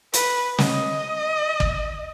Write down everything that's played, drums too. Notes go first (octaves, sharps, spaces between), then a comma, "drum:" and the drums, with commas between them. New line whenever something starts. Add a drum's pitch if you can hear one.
B4, drum: hi-hat
D#5, drum: snare
drum: kick